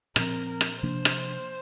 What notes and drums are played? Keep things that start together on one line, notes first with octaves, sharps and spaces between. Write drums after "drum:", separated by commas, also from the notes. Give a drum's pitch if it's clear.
A#2 F3 C4 A#4, drum: rim click
A#4
drum: rim click
C3 F3 A#3 D4 C5
drum: rim click